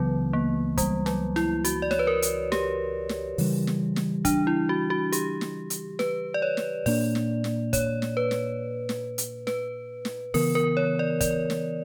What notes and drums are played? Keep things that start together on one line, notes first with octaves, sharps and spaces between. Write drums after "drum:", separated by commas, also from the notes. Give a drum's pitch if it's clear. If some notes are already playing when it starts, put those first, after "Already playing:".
Already playing: C#2 C#3 E3 F#3 B3
A#3
G3, drum: kick, hi-hat
F#3, drum: snare
E4, drum: snare
F#4, drum: hi-hat
D5
C#5, drum: snare
B4
A#4
drum: hi-hat
G4, drum: snare
drum: snare
C#3 E3 G3, drum: open hi-hat
drum: snare
drum: snare
D4, drum: kick, hi-hat
E4
F#4
F#4
G4, drum: hi-hat
drum: snare
drum: hi-hat
B4, drum: snare
D5
C#5
drum: snare
A#2 A#3 D4 D5, drum: open hi-hat
drum: snare
drum: snare
C#5, drum: kick, hi-hat
drum: snare
B4
drum: snare
drum: snare
drum: hi-hat
B4, drum: snare
drum: snare
C#3 E3 B3 A#4, drum: open hi-hat
A#4
C#5
D5
D5, drum: kick, hi-hat
drum: snare